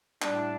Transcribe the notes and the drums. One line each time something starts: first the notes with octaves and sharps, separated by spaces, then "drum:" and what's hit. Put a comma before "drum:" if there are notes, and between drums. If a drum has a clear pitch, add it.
A2 G3 D4, drum: clap